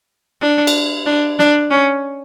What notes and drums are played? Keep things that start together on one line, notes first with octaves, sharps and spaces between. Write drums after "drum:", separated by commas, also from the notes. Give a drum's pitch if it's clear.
D4
drum: cymbal
D4
D4, drum: snare
C#4